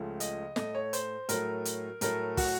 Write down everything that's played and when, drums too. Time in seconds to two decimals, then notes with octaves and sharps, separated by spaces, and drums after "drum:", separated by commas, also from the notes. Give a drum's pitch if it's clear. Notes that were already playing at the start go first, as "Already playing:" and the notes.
Already playing: C#2 C#3 F3 A3
0.20 D#5, drum: hi-hat
0.56 A2 A3 D#5, drum: snare
0.75 C#5
0.93 C5, drum: hi-hat
1.29 A2 F#3 A3 A#4, drum: hi-hat
1.65 drum: hi-hat
2.01 A2 F#3 A3 A#4, drum: hi-hat
2.37 F#4, drum: kick, open hi-hat